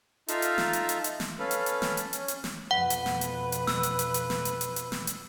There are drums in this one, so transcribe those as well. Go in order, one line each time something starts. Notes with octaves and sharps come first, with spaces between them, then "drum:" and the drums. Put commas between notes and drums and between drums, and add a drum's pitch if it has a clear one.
D#4 F4 A4 E5 F5 A#5, drum: hi-hat
drum: hi-hat
drum: snare
drum: hi-hat
drum: hi-hat
drum: hi-hat
drum: snare
C#4 A4 B4 F5
drum: hi-hat
drum: hi-hat
drum: snare
drum: hi-hat
C#4, drum: hi-hat
drum: hi-hat
drum: snare
F2 B2 B4 F#5
drum: hi-hat
drum: snare
drum: hi-hat
drum: hi-hat
E6, drum: snare
drum: hi-hat
drum: hi-hat
drum: hi-hat
drum: snare
drum: hi-hat
drum: hi-hat
drum: hi-hat
drum: snare
drum: hi-hat